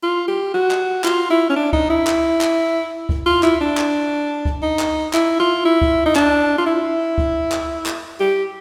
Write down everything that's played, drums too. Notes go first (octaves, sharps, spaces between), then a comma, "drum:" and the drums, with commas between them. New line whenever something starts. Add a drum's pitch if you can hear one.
F4
G4
F#4
drum: clap
F4, drum: clap
E4
C#4
D4
D#4, drum: kick C#2
E4
drum: clap
drum: clap
drum: kick C#2
F4
E4, drum: clap
D4
drum: clap
drum: kick C#2
D#4
drum: clap
E4, drum: clap
F4
E4
drum: kick C#2
D#4
D4, drum: clap
F4
E4
drum: kick C#2
drum: clap
drum: clap
G4